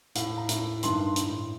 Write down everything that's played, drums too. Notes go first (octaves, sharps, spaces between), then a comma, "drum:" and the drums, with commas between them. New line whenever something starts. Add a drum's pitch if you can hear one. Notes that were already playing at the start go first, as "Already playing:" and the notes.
A2 F5, drum: hi-hat
A#5
A2, drum: hi-hat
G2 D#3 C6, drum: hi-hat
A2, drum: hi-hat